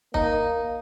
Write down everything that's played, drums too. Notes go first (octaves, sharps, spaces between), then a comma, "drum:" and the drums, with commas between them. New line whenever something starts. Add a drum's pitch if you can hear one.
A#3 D#4, drum: kick